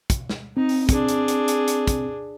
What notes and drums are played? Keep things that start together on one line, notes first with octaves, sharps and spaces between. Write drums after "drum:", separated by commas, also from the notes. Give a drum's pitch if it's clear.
drum: kick, hi-hat
drum: snare
C4 D#4
drum: open hi-hat
D4 G#4, drum: kick, hi-hat
drum: hi-hat
drum: hi-hat
drum: hi-hat
drum: hi-hat
drum: kick, hi-hat